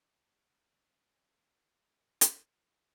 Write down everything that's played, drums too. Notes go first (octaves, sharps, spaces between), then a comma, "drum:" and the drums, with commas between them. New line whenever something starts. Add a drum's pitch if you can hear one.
D#3 G#3 C#4 G#4 A#4
drum: hi-hat